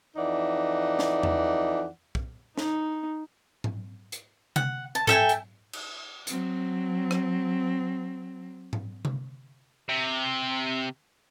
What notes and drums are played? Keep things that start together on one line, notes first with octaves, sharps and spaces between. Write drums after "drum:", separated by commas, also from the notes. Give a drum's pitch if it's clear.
F2 E3 D#4 D5 F#5
drum: snare
drum: tom E2
drum: kick
D#4, drum: snare
drum: tom G#2
drum: hi-hat
F#5, drum: tom C3
A5
A4 E5 G5 G#5, drum: tom G#2
drum: hi-hat
drum: cymbal
F#3 C4, drum: hi-hat
drum: rim click
drum: tom G#2
drum: tom C3
C3